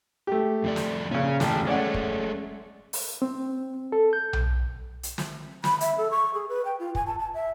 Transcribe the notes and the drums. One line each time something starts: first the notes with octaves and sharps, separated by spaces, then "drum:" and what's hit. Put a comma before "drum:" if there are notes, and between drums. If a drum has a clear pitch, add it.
A3 G4
F2 C3 D5
drum: snare
A#2 C#3 C#4
A1 E2 D5 G5 A5, drum: snare
G#3 A3 C#4 D5 F#5
drum: kick
drum: open hi-hat
C4
A4
G6
drum: tom B1
drum: hi-hat
drum: snare
B5, drum: snare
E5, drum: hi-hat
A4
C#6
G#4
B4
G5
F4
G#5, drum: kick
A5
A5
E5